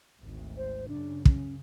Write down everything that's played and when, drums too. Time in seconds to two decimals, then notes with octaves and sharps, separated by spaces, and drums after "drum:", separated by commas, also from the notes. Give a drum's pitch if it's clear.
0.20 G#1 D2
0.57 C5
0.88 F#2 C#3 D4
1.25 C#4, drum: kick